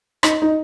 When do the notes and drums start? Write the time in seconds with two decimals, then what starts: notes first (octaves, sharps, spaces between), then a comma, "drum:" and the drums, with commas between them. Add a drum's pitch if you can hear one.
0.23 D#4, drum: rim click
0.42 D#4